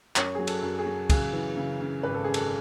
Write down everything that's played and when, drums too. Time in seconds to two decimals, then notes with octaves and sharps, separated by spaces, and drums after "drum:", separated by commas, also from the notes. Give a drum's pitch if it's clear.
0.16 F#2 C#5, drum: clap
0.35 F#3 G#4
0.47 A4, drum: cymbal
0.62 F#2
0.79 G#4
0.86 F#3
1.10 C#3 G#4, drum: kick, cymbal
1.33 E3
1.57 C#3
1.81 C#3
2.03 G#1 B4
2.14 A4
2.24 F#2 G#4
2.34 A4, drum: cymbal